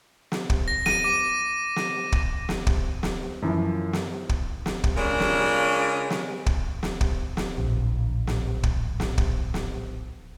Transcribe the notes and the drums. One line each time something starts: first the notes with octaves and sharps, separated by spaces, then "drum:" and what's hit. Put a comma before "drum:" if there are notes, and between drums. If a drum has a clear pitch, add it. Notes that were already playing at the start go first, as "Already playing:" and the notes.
drum: snare
drum: kick
A#6
D#7, drum: snare
D6
drum: snare
drum: kick
drum: snare
drum: kick
drum: snare
F#2 E3 F3
drum: snare
drum: kick
drum: snare
drum: kick
C#3 G#3 C#4 D4 F4 A#4
drum: snare
drum: snare
drum: kick
drum: snare
drum: kick
drum: snare
D1 A#1
drum: snare
drum: kick
drum: snare
drum: kick
drum: snare